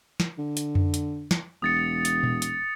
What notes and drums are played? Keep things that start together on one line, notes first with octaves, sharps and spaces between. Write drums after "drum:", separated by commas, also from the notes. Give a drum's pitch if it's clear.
drum: snare
D3
drum: hi-hat
drum: tom F2
drum: hi-hat
drum: snare
E1 D#6 A6 C#7
drum: hi-hat
drum: tom A#2
drum: hi-hat